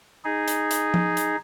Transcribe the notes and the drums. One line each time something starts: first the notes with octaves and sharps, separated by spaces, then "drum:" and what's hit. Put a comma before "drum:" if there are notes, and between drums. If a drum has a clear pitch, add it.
D#4 G#4
drum: hi-hat
drum: hi-hat
drum: tom
drum: hi-hat